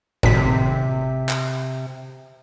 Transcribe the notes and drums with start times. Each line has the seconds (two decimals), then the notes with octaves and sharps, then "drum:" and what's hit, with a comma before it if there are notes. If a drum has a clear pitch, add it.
0.23 G#1 C3 B6, drum: tom A2
1.29 drum: clap